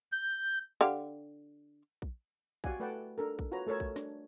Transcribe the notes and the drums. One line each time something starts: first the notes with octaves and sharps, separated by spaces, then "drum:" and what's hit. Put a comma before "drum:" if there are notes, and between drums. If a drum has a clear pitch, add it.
G6
D3 G4 F5
drum: kick A#1
F#4 G4 D5 F5 F#5 G#5, drum: kick A#1
A3 B4 D5 F#5 G5 A5
D4 A4 A#4
drum: kick A#1
F4 F#4 B4 C#5 A#5
A3 A4 A#4 C#5 A5
drum: kick A#1
D4, drum: snare